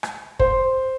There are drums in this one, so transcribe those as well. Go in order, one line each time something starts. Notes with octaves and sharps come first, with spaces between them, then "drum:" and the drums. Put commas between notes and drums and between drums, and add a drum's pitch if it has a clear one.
drum: rim click
C5, drum: kick